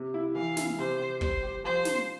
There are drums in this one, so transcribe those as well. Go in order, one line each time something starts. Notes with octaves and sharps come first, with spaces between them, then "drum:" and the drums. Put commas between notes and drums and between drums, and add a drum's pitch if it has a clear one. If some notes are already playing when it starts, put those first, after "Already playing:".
Already playing: C3
E4
E3 F5
E4, drum: snare
C3 C5
G4
G3 C5, drum: kick
G4
F3 C5
F3, drum: snare